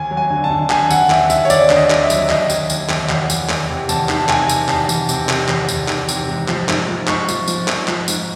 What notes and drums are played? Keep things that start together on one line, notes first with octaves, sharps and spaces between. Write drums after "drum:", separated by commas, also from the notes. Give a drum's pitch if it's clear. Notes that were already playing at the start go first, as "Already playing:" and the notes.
Already playing: D#2 G#5
F#3
G#5
D3
A5
D3
D#2 G#5, drum: clap
D#2 F#5, drum: tambourine
D#2 E5, drum: clap
D#2 E5, drum: tambourine
C#5
D#2 D5, drum: tambourine
D3, drum: clap
D#5
D#2, drum: clap
E5
F#3, drum: tambourine
D#2 D#5, drum: clap
D#2, drum: tambourine
D#2, drum: tambourine
D#2, drum: clap
E2, drum: clap
E2, drum: tambourine
E2, drum: clap
C3
E2 A5, drum: tambourine
D#3, drum: clap
A5
C3 G#5, drum: clap
C3, drum: tambourine
E2 A5, drum: clap
E2, drum: tambourine
C3, drum: tambourine
C3, drum: clap
E2, drum: clap
E2, drum: tambourine
D#3, drum: clap
C3, drum: tambourine
G#2
F3, drum: clap
G#2, drum: clap
F3
G#2 C#6, drum: clap
F3, drum: tambourine
F3, drum: tambourine
F3, drum: clap
F3, drum: clap
G#2, drum: tambourine